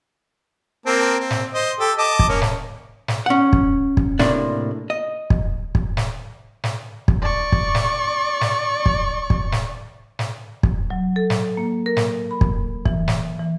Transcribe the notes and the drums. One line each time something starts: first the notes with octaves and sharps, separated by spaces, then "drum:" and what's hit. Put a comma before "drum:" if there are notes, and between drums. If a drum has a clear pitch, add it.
A#3 C4 A5
C4
drum: snare
C5 D#5
G4 A4
D#5 A5 D6
drum: kick
A#3 C#4
drum: snare
drum: snare
C#4 F#5
drum: kick
drum: kick
A2 C3 A#3 D4, drum: snare
D#5
drum: kick
drum: kick
drum: snare
drum: snare
drum: kick
D5 C#6
drum: kick
drum: snare
drum: snare
drum: kick
drum: kick
drum: snare
drum: snare
drum: kick
F#3
A4
drum: snare
A#3
A#4
drum: snare
B5
drum: kick
E3, drum: kick
drum: snare
E3